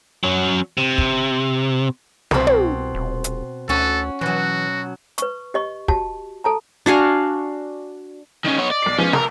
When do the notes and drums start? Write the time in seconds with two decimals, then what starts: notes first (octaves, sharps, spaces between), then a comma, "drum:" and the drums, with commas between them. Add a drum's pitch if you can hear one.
0.24 F#3 C#4
0.78 C3
0.98 drum: kick
2.31 C2 B2 C4, drum: snare
2.47 drum: tom
2.95 D#1
3.24 drum: hi-hat
3.69 D2 C#4 F#4 A4
4.21 B2 E3 F#3 F#4
5.18 B4 C#6, drum: hi-hat
5.54 G4 D#5 C#6
5.88 F#4 G4 A5, drum: kick
6.44 A4 A5 A#5
6.86 D4 F#4 F5 G#5
8.44 D#3 C#4 D#5
8.58 B3 C#5
8.70 D5
8.82 B1 D6 C7
8.98 F3 G#3 B3 C#4
9.13 A#4 A5 D#6 E6, drum: snare